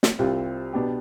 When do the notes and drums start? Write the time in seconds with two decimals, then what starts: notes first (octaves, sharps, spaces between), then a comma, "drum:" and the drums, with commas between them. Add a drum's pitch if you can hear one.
0.03 drum: snare
0.19 C2 C3 G3 C4 F4
0.73 B2 B3 D4 G4